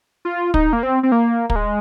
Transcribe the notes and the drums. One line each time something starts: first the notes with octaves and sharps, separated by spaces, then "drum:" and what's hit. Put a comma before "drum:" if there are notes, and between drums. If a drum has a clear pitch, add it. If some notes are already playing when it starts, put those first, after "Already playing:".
F4
D#4, drum: kick
A#3
C4
C4
A#3
A#3, drum: kick
G#3